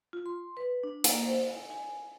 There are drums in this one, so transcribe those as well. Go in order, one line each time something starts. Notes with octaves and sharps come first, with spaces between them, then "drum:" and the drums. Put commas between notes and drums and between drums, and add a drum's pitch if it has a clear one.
F4
C6
B4
D4
A#3, drum: hi-hat
C5
G#5
G#5